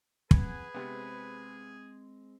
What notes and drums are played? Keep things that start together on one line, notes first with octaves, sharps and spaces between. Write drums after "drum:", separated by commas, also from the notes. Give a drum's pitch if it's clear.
G#4 B4 F#5 G#5, drum: kick
C3 G#3 B3 C4